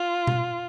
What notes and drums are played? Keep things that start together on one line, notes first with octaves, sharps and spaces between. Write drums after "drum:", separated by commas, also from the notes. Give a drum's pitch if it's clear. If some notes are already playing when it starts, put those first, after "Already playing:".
Already playing: F4
drum: tom B2